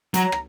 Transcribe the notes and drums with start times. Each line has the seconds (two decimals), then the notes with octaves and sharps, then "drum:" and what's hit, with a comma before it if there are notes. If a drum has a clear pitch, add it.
0.14 F#3 A#5, drum: hi-hat
0.32 drum: rim click